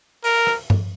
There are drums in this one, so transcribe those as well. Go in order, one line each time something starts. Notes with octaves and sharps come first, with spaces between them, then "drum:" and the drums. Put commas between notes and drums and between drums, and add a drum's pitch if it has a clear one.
A#4, drum: open hi-hat
drum: rim click
drum: tom G2